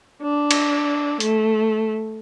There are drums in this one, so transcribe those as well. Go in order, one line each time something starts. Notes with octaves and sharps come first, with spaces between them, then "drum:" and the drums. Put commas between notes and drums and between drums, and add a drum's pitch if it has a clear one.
D4
drum: cymbal
A3, drum: hi-hat